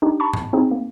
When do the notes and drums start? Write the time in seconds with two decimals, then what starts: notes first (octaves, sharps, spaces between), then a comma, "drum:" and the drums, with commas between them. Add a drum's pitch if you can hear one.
0.02 D4 D#4 G4
0.20 A5 B5 C#6
0.33 drum: tom G#2
0.53 C4 D#4 G#4
0.71 A#3